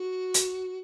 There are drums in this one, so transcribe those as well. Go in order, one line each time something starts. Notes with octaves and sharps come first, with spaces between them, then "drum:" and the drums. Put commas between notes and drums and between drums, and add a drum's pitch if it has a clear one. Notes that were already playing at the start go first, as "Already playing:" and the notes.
Already playing: F#4
drum: hi-hat